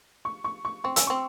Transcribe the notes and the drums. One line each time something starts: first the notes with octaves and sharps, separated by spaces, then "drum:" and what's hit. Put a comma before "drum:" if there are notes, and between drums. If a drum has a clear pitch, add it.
C#6
C#6
C#6
C4 C#6
C#4 E6, drum: hi-hat
C4 C#6